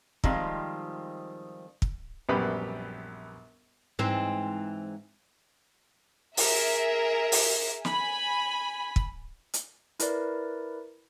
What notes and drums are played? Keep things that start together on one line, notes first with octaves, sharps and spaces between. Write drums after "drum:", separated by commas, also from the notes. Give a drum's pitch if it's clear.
D#3 F3 G3 G#3 C4 F4, drum: kick
drum: kick
A#1 F#2 G3 B3 G4 B5
G#2 E3 C4
G#4 A#4 E5, drum: open hi-hat
drum: open hi-hat
G#5 B5, drum: snare
drum: kick
drum: hi-hat
E4 A#4 B4 D5, drum: hi-hat